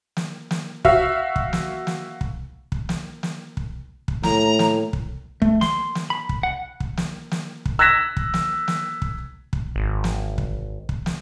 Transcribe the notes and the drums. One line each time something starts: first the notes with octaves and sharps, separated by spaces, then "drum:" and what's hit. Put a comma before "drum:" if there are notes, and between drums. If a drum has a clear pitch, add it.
drum: snare
drum: snare
F#4 E5 F5, drum: kick
drum: kick
drum: snare
drum: snare
drum: kick
drum: kick
drum: snare
drum: snare
drum: kick
drum: kick
A2 A#5, drum: snare
drum: snare
drum: kick
A3, drum: kick
C6, drum: snare
drum: snare
B5
drum: kick
F#5
drum: kick
drum: snare
drum: snare
drum: kick
E6 F#6 G#6 A#6 B6 E7
drum: kick
drum: snare
drum: snare
drum: kick
drum: kick
G#1
drum: snare
drum: kick
drum: kick
drum: snare